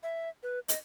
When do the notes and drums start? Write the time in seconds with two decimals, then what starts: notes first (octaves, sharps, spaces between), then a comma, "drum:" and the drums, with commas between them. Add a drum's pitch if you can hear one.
0.03 E5
0.43 B4
0.68 D#5, drum: hi-hat